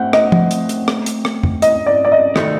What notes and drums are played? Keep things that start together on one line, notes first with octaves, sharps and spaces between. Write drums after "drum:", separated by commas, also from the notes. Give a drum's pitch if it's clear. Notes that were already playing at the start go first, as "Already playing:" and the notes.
Already playing: A3 C4 G4 C5 F#5
D#5, drum: rim click
drum: tom
drum: hi-hat
drum: hi-hat
drum: rim click
drum: hi-hat
drum: rim click
drum: tom F2
D#5, drum: hi-hat
D5
D5
D#5
D#3 A3 D#4 F#4 A4, drum: rim click